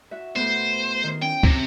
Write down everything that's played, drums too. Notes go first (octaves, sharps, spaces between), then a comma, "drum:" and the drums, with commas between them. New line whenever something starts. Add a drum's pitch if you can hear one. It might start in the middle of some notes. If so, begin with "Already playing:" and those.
F#4 E5
A2 B3 C5
D#3
C#4 G5
C3, drum: kick